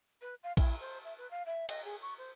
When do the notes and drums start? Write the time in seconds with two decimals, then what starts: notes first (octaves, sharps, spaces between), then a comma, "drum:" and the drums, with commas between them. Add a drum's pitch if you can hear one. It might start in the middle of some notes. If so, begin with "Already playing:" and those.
0.22 B4
0.43 F5
0.57 E4, drum: kick A#1, cymbal
0.80 C5
1.05 E5
1.18 B4
1.31 F5
1.46 E5
1.69 D#5, drum: cymbal
1.85 G#4
2.02 C#6
2.18 C5